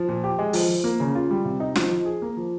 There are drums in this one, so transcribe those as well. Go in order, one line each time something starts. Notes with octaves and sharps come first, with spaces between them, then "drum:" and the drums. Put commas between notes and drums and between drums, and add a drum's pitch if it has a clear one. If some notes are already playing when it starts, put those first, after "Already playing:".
Already playing: F3
A#2
G4
G#3
F3, drum: open hi-hat
F3
A#3
C#3
F4
G3
C3
D#4
F3, drum: snare
F3
G#4
A#3
F3